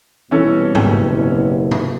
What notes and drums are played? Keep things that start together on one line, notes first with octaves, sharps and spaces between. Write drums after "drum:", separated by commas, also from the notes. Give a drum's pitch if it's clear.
C2 B2 E3 C#4 A4
F#1, drum: tom G#2
drum: tom C3